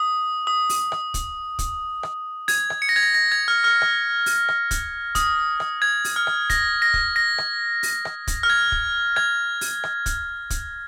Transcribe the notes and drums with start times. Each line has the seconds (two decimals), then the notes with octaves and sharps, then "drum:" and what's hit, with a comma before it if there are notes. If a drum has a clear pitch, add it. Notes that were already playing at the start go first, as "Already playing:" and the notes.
Already playing: D#6
0.47 D#6
0.69 drum: open hi-hat
0.92 drum: rim click
1.14 drum: kick, hi-hat
1.59 drum: kick, hi-hat
2.03 drum: rim click
2.48 G#6, drum: open hi-hat
2.70 drum: rim click
2.82 C#7
2.89 A#6
2.96 G#6
3.03 A#6
3.14 A#6
3.32 G#6
3.48 F6
3.64 F6
3.82 drum: rim click
4.26 drum: open hi-hat
4.48 drum: rim click
4.71 drum: kick, hi-hat
5.15 D#6, drum: kick, hi-hat
5.60 drum: rim click
5.82 G#6
6.05 drum: open hi-hat
6.16 F6
6.27 drum: rim click
6.50 A#6, drum: kick, hi-hat
6.82 A#6
6.94 drum: kick
7.16 A#6
7.38 drum: rim click
7.83 drum: open hi-hat
8.05 drum: rim click
8.27 drum: kick, hi-hat
8.43 F6
8.49 G#6
8.72 drum: kick
9.16 G#6, drum: rim click
9.61 drum: open hi-hat
9.84 drum: rim click
10.06 drum: kick, hi-hat
10.50 drum: kick, hi-hat